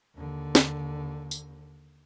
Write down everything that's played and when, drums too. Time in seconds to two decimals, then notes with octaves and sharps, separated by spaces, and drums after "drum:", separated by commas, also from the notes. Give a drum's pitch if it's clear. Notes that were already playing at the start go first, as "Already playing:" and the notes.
0.17 D#2 D3
0.55 drum: snare
1.31 drum: tambourine